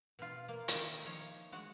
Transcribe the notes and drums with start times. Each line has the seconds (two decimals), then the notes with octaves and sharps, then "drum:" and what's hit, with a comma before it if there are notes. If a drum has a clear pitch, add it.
0.19 B2 F4
0.48 A#3
0.68 D#3 D#4 E5 A#5, drum: hi-hat
1.05 F3 C#5
1.52 G#3 F#4